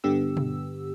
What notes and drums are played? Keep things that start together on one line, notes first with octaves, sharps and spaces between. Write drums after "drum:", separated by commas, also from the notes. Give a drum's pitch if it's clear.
G2 D3 B3 G4 E6
drum: tom